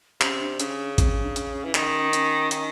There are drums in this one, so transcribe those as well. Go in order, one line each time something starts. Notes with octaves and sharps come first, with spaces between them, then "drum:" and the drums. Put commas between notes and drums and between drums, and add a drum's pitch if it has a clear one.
C3 C#4, drum: clap
D4
C#3 C#4, drum: hi-hat
C4, drum: kick, hi-hat
C#4
D4
C#4, drum: hi-hat
E3
D#3, drum: clap
C#4, drum: hi-hat
D#3, drum: hi-hat